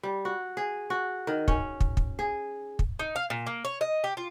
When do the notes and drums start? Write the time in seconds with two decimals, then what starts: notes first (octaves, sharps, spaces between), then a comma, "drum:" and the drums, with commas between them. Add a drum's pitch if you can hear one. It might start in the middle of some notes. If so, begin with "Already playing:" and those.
0.03 G3
0.25 F#4
0.57 G#4
0.90 F#4
1.27 D#3
1.48 C#4, drum: kick
1.80 drum: kick
1.97 drum: kick
2.19 G#4
2.79 drum: kick
2.99 D#4
3.16 F5
3.30 A#2
3.47 A#3
3.65 C#5
3.81 D#5
4.04 G4
4.17 F4